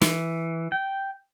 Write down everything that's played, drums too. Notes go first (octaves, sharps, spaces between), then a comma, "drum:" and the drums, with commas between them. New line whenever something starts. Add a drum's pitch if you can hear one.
E3, drum: snare
G5